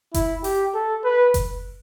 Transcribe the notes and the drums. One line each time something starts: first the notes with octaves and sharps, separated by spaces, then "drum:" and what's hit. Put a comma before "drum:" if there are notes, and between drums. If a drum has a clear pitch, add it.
E4, drum: kick F#1, hi-hat
G4, drum: open hi-hat
A4
B4
drum: kick F#1, hi-hat